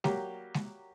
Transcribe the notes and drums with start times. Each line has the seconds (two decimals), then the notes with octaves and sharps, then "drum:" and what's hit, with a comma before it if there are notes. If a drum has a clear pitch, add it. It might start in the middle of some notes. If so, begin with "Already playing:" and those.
0.04 F#3 G3 A#3 G4, drum: snare G#3
0.54 drum: snare G#3